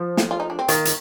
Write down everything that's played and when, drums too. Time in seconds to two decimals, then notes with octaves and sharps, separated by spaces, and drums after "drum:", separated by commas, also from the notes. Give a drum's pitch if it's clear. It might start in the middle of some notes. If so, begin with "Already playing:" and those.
Already playing: F3
0.17 A3, drum: snare
0.31 F4
0.40 D#4
0.50 D4
0.59 C4
0.68 D#3 A#3, drum: hi-hat
0.85 drum: hi-hat